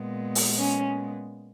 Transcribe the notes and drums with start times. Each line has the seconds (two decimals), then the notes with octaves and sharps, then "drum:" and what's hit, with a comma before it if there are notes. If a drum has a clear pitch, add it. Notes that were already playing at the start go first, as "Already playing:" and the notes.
Already playing: A#2 G#3 B3
0.35 drum: open hi-hat
0.59 C#4